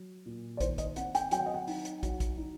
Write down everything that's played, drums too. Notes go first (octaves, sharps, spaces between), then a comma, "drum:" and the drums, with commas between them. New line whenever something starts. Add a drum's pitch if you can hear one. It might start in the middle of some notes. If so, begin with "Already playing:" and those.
Already playing: F#3
A#2
D5
D#3 C5, drum: kick, hi-hat
D#5, drum: kick, hi-hat
C4 F#5, drum: hi-hat
G5, drum: hi-hat
F#3 G5, drum: hi-hat
F#5
D#5
F#5
D#4, drum: open hi-hat
drum: hi-hat
F#3, drum: kick, hi-hat
drum: kick, hi-hat
D#4